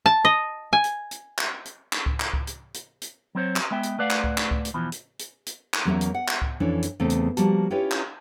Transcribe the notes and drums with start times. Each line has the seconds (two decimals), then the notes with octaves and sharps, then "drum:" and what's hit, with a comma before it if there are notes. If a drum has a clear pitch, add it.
0.06 A5
0.25 D#5
0.73 G#5
0.84 drum: hi-hat
1.11 drum: hi-hat
1.38 drum: clap
1.65 drum: hi-hat
1.93 drum: clap
2.06 drum: kick C#2
2.20 drum: clap
2.33 drum: kick C#2
2.47 drum: hi-hat
2.74 drum: hi-hat
3.01 drum: hi-hat
3.35 F#3 C4 C5 C#5
3.56 drum: clap
3.71 G#3 B3 E5 G5
3.83 drum: hi-hat
3.98 A3 B4 D5 F5 F#5
4.10 drum: clap
4.24 drum: kick C#2
4.38 drum: clap
4.51 drum: kick C#2
4.65 drum: hi-hat
4.74 E2 B2 E3 F3
4.92 drum: hi-hat
5.19 drum: hi-hat
5.46 drum: hi-hat
5.74 drum: clap
5.85 E2 F#3 A#3 C#4 A#4 E5
6.01 drum: hi-hat
6.14 F#5
6.28 drum: clap
6.42 drum: kick C#2
6.60 F2 E3 C#4 D4
6.82 drum: hi-hat
7.00 E2 C#3 A3 C4
7.10 drum: hi-hat
7.37 F3 G3 A#3 F#4 A5, drum: hi-hat
7.70 C#4 E4 F4 G4 B4 C#5
7.91 drum: clap